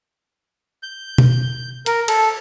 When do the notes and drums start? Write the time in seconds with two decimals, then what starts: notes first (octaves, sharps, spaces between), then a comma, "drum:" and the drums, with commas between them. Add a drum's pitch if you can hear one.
0.83 G6
1.18 drum: tom B2
1.86 A#4, drum: hi-hat
2.08 A4, drum: cymbal